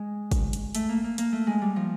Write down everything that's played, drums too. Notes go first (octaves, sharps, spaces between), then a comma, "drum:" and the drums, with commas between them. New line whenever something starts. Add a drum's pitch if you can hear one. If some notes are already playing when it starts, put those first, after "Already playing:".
Already playing: G#3
drum: kick, hi-hat
drum: hi-hat
A3, drum: hi-hat
A#3
A#3
A#3, drum: hi-hat
A3
G#3
G3
F3